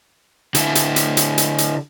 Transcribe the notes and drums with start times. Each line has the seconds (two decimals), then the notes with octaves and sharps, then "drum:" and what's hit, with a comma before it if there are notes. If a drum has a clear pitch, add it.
0.55 D3 E4, drum: hi-hat
0.75 drum: hi-hat
0.96 drum: hi-hat
1.17 drum: hi-hat
1.38 drum: hi-hat
1.58 drum: hi-hat